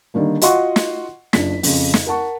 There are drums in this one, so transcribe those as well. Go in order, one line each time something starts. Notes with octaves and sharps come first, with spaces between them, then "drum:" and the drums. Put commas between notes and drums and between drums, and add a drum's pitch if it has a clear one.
D3 D#3 G3 A#3
F4 F#4 D#5 F#5 C6 C#6, drum: hi-hat
drum: snare
F#1 D4 F4 B6, drum: snare
F2 C#3, drum: open hi-hat
drum: snare
A#4 F#5 A5 C#6